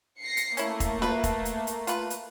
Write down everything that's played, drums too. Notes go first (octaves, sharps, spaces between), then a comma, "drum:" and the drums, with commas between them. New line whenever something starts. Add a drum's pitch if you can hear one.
A#6 C7 C#7
drum: hi-hat
A3 A#3 C#4 E4, drum: hi-hat
drum: kick E1, hi-hat
B4, drum: snare F4
drum: kick E1, hi-hat
drum: hi-hat
drum: hi-hat
F4 B4, drum: hi-hat
drum: hi-hat